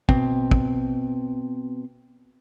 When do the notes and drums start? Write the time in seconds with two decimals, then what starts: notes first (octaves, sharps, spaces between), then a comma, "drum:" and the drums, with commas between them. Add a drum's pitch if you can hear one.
0.09 B2 C4, drum: kick
0.51 drum: kick